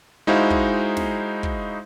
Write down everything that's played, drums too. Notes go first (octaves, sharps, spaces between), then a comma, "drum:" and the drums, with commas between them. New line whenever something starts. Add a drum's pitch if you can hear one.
G#3 D#4 E4 F#4 C5 F5
drum: kick
drum: snare
drum: kick